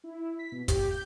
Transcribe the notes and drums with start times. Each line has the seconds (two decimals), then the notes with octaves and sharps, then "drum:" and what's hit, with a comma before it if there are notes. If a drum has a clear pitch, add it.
0.04 E4
0.39 B6
0.52 B2
0.68 G4, drum: kick, hi-hat
0.91 G6